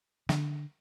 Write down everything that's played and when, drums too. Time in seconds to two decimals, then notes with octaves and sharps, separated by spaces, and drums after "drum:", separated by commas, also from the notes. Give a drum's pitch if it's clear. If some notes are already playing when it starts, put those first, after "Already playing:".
0.29 D3, drum: snare